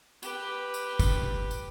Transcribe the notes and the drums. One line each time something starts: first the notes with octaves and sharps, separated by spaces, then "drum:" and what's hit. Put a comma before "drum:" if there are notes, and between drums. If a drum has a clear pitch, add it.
G4 B4, drum: tambourine
drum: tambourine
drum: kick, tambourine
drum: tambourine